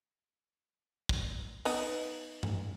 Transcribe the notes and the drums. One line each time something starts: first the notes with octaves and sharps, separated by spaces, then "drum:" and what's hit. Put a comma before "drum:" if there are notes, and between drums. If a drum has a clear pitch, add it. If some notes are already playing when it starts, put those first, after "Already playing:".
drum: kick
B3 D#4, drum: open hi-hat
drum: tom G2